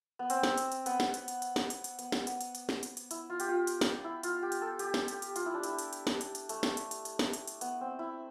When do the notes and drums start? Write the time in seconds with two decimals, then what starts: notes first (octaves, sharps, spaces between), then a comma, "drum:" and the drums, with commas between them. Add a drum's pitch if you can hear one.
0.19 B3
0.30 C4, drum: hi-hat
0.43 drum: snare
0.58 drum: hi-hat
0.72 drum: hi-hat
0.86 B3, drum: hi-hat
1.00 drum: snare
1.14 drum: hi-hat
1.28 drum: hi-hat
1.42 drum: hi-hat
1.56 drum: snare
1.70 drum: hi-hat
1.84 drum: hi-hat
1.99 B3, drum: hi-hat
2.12 drum: snare
2.27 B3, drum: hi-hat
2.41 drum: hi-hat
2.55 drum: hi-hat
2.69 drum: snare
2.83 drum: hi-hat
2.97 drum: hi-hat
3.11 E4, drum: hi-hat
3.30 F4
3.40 G4, drum: hi-hat
3.48 F4
3.67 drum: hi-hat
3.81 drum: snare
4.04 E4
4.23 F4, drum: hi-hat
4.42 G4
4.52 drum: hi-hat
4.62 A4
4.79 G4, drum: hi-hat
4.94 drum: snare
5.08 drum: hi-hat
5.22 drum: hi-hat
5.36 F4, drum: hi-hat
5.46 E4
5.54 D4
5.63 E4, drum: hi-hat
5.79 drum: hi-hat
5.93 drum: hi-hat
6.07 drum: snare
6.21 drum: hi-hat
6.35 drum: hi-hat
6.49 A3, drum: hi-hat
6.63 drum: snare
6.77 drum: hi-hat
6.91 drum: hi-hat
7.05 drum: hi-hat
7.19 drum: snare
7.33 drum: hi-hat
7.48 drum: hi-hat
7.61 B3, drum: hi-hat
7.81 C4
7.99 E4